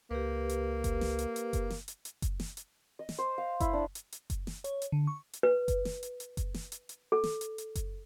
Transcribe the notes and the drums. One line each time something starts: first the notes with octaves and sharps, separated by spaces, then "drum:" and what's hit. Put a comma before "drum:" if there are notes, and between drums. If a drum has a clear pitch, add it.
C#2 A#3 G4 B4
drum: hi-hat
drum: kick F#1, hi-hat
drum: snare
drum: hi-hat
drum: hi-hat
drum: kick F#1, hi-hat
drum: snare
drum: hi-hat
drum: hi-hat
drum: kick F#1, hi-hat
drum: snare
drum: hi-hat
D#5
drum: snare
C5
F5
E4, drum: kick F#1, hi-hat
D4
drum: hi-hat
drum: hi-hat
drum: kick F#1, hi-hat
drum: snare
C#5, drum: hi-hat
drum: hi-hat
D3
C#6
drum: hi-hat
B4
drum: kick F#1, hi-hat
drum: snare
drum: hi-hat
drum: hi-hat
drum: kick F#1, hi-hat
drum: snare
drum: hi-hat
drum: hi-hat
A4
drum: snare
drum: hi-hat
drum: hi-hat
drum: kick F#1, hi-hat